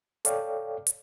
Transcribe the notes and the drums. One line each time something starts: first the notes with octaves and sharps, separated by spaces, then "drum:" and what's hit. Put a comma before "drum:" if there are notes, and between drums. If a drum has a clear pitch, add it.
A4 C#5 D5 F5 G5, drum: hi-hat
drum: hi-hat